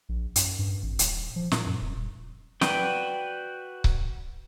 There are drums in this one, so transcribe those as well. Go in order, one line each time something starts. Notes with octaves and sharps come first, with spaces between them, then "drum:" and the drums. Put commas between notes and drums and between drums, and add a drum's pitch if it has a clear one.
A#1
F#2, drum: hi-hat
G2
G#1
D#1, drum: hi-hat
F3
A#2, drum: snare
F#2
D#1
D#1
F#4 B4 D5 G5, drum: snare
drum: kick C#1